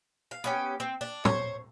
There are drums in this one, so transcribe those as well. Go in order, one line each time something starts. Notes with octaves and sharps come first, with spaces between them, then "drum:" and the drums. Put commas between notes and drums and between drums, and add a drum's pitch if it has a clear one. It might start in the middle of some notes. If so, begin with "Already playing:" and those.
F5
B3 C#4 G4
C4
D4
C5 C#5, drum: tom